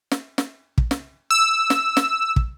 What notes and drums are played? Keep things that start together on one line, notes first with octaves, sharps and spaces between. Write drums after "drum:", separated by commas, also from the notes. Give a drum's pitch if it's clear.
drum: snare
drum: snare
drum: kick
drum: snare
E6
drum: snare
drum: snare
drum: kick